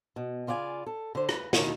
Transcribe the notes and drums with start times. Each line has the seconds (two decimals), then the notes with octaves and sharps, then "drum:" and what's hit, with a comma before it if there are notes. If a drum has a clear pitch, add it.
0.16 B2
0.47 C#3 F4 D5 F#5 G#5
0.86 A4
1.15 D3 C5
1.29 B4, drum: rim click
1.53 B2 D#3 E4, drum: snare